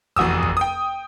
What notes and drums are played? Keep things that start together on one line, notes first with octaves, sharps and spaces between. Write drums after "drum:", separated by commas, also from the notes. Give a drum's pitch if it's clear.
F1 E2 F#4 D#6 E6, drum: kick G#1
drum: kick G#1
G5 D#6